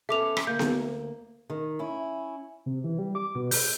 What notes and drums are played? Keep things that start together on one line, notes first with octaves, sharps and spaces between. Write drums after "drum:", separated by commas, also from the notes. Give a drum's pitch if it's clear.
B3 C#4 A4 E5 D6 F7
drum: rim click
D2 A#3 G6
drum: snare B3
D#3
C#4 E4
C3
E3
G3
D6
B2
G6, drum: open hi-hat